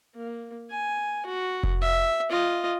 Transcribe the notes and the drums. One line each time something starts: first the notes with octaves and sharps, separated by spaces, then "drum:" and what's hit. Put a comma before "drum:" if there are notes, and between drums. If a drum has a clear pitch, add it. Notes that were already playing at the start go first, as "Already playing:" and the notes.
A#3
G#5
F#4
drum: kick F1
E5
F4 D#5